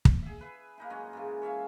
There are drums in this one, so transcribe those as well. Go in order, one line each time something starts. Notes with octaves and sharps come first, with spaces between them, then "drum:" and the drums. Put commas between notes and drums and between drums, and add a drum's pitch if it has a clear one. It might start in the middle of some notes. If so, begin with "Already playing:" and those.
drum: kick
G#4 E5
B4 E5
A#3 D#4 E4
F#2 G#3 C#4 D#5
G#2 C#3 E3
C#5 E5 F5 G#5